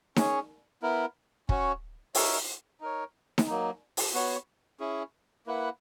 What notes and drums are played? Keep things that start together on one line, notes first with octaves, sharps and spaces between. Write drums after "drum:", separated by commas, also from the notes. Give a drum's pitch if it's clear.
C#4 G#4 C#5, drum: snare D#4
B3 E4 A#4
C#4 F#4 C#5, drum: kick
D#4 A#4 C#5 E5, drum: open hi-hat
D#4 A#4 C#5
drum: snare D#4
F#3 A#3 D#4
drum: open hi-hat
B3 F#4 C#5
C#4 E4 G#4
A#3 E4 B4 F#5